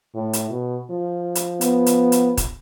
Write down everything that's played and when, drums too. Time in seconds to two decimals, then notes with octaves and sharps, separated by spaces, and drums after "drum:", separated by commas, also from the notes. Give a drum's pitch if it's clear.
0.15 A2
0.33 drum: hi-hat
0.50 B2
0.91 F3
1.35 drum: hi-hat
1.61 B3, drum: hi-hat
1.86 drum: hi-hat
2.12 drum: hi-hat
2.37 drum: kick D#1, hi-hat